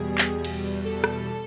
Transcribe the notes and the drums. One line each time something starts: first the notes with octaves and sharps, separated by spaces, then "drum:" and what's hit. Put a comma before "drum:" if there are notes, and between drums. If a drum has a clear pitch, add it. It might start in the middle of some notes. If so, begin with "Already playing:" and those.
Already playing: E2 B2 G3 G#4
drum: clap
drum: cymbal
A4
drum: rim click